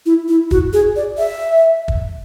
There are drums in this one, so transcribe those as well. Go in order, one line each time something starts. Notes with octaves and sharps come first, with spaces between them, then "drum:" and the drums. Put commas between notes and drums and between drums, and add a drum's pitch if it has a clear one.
E4
E4
F#4, drum: kick
G#4
D5
E5
drum: kick